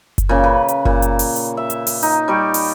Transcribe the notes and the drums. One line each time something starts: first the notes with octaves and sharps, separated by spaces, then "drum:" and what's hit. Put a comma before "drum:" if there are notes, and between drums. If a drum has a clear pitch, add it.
drum: kick F#1, hi-hat
A#2 C#3
B4
drum: hi-hat
A#2, drum: kick F#1
drum: hi-hat
drum: open hi-hat
drum: hi-hat
E5
drum: hi-hat
drum: open hi-hat
D#4, drum: hi-hat
G3 G4 C#6
drum: open hi-hat